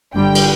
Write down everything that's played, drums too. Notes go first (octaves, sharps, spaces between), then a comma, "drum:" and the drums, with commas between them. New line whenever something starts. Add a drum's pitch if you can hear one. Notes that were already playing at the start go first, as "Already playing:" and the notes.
G1 G2 D3 G3 G5
drum: cymbal